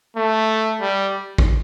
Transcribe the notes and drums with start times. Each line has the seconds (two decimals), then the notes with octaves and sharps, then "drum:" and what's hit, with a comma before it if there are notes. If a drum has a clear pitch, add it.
0.16 A3
0.81 G3
1.38 drum: kick